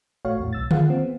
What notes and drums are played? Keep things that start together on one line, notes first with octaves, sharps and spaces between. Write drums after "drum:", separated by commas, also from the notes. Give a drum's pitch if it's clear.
A1 A3 F#4 C#5 F5
E2 A2
B1 E6 A6
F4 G#4 F5 F#5, drum: tom D3
A#3 C4
B3